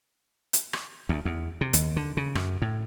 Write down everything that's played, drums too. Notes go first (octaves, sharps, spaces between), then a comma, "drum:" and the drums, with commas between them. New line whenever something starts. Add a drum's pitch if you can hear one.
drum: hi-hat
drum: rim click
D2
E2
C3
D#2, drum: hi-hat
D3
C#3
F#2, drum: rim click
A2